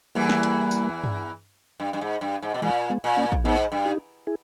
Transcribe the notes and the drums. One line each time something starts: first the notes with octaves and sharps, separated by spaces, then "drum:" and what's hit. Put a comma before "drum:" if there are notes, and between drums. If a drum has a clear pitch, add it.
E2 E3 G3 A#3
drum: snare
drum: hi-hat
drum: tambourine
drum: tom G2
G2
G2
G#2
G2
G#2
B2
A#2 E3 G#3
G#3 B3
A#2
A#3 C#4
drum: kick
G#2 B3 D#4
G2
D#4 G4
E4 G#4